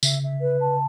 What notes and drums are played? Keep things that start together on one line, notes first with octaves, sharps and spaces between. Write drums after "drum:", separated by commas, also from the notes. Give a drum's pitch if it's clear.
C#3 E5, drum: tambourine
E5
B4
A5